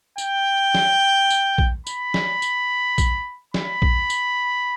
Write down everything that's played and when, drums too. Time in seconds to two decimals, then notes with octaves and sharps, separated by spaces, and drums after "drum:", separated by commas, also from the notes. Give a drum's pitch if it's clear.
0.18 G5, drum: tambourine
0.74 drum: snare
1.30 drum: tambourine
1.58 drum: kick A#1
1.87 B5, drum: tambourine
2.14 drum: snare
2.42 drum: tambourine
2.98 drum: kick A#1, tambourine
3.54 B5, drum: snare
3.82 drum: kick A#1
4.10 drum: tambourine